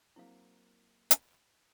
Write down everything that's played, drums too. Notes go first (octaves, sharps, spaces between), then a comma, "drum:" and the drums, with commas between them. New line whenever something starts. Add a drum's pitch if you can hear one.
F#3 A#3 C4 E4 F5
drum: hi-hat